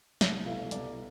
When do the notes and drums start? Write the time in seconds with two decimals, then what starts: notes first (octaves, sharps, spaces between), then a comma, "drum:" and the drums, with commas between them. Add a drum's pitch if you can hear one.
0.21 C2 E5, drum: snare
0.46 B2 A3 E4 F5
0.71 C2 D5, drum: hi-hat